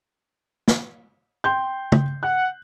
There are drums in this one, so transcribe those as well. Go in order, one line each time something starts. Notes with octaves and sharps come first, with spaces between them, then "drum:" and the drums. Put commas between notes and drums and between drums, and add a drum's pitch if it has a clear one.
drum: snare
G5 C6 G6
drum: tom
F#5 F#6